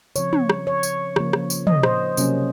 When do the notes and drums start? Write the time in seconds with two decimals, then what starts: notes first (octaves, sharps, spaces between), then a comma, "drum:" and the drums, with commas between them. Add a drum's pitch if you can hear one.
0.16 C#3 F3 C4 C#5, drum: tambourine
0.33 drum: tom
0.50 drum: rim click
0.67 C#5
0.83 drum: tambourine
1.16 C#3 F3 A#3, drum: rim click
1.33 drum: rim click
1.50 drum: tambourine
1.67 D#5, drum: tom
1.83 C5, drum: rim click
2.17 C3 F#3 A#3 C#4, drum: tambourine